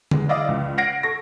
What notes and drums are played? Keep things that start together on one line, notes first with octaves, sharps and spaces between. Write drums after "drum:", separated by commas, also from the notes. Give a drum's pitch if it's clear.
E2 G#3, drum: tom D3
E4 D5 D#5 F5 D6 D#6
C#2
F#5 F6 G#6 A#6 C7 D7
A4 C#6 A#6